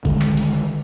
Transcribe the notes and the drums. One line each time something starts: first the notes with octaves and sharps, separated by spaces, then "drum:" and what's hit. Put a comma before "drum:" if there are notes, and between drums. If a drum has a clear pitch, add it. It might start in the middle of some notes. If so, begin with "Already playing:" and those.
D3 D#3 G#3, drum: kick G#1, hi-hat
drum: clap
drum: hi-hat